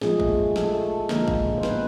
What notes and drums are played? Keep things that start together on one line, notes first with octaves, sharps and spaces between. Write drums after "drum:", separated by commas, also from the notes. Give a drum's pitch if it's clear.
A#2 F3 G#3 A3 G#4, drum: snare
drum: kick
drum: tom F3
A3 A4, drum: snare
D3 F3 G#3 A#3 A#4, drum: snare
drum: kick
drum: tom A2
C5
B3 B4, drum: snare